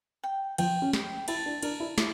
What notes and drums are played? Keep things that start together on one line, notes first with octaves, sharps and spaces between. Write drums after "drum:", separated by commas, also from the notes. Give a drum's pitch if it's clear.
G5
F3 G5, drum: cymbal
C#4
G5, drum: snare
E4 A5, drum: cymbal
D4
D4 A#4, drum: cymbal
E4
E4 D5, drum: snare